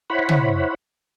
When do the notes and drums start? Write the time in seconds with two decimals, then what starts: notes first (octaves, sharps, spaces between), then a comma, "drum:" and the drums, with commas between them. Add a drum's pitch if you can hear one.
0.10 E4 C5 C#5 F#5 B5
0.29 drum: tom